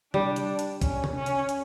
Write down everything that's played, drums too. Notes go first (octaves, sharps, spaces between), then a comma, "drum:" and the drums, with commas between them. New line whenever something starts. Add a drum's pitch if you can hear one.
G3 D4, drum: tom C3
drum: hi-hat
drum: hi-hat
C#4, drum: kick, hi-hat
drum: tom C3
C#4
drum: hi-hat
drum: hi-hat